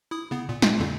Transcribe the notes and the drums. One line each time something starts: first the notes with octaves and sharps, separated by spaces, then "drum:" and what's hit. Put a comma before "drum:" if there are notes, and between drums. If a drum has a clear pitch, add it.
E4 D#6
C#3 B3
A#2
F4, drum: snare
F2 A#2 D3